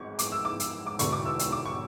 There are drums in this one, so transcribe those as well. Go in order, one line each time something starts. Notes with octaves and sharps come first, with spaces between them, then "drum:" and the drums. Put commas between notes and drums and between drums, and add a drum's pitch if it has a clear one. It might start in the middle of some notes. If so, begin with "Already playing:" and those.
Already playing: G#1 G#2 G#3 C#6
D6, drum: hi-hat
E6
D6
E6, drum: hi-hat
D6
E1 E2 D3 C#6, drum: hi-hat
D6
E6
E6, drum: hi-hat
D6
C#6